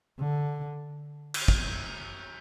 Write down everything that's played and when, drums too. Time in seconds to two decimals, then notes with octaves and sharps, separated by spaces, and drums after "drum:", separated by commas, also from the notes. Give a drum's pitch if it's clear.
0.19 D3
1.34 drum: cymbal
1.48 drum: kick